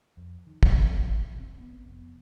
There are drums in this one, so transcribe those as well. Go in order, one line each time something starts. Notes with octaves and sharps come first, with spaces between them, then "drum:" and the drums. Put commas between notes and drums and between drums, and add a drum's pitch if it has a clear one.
F2
D#3
D3, drum: kick
B1
F#2
A1
C4
B3
F1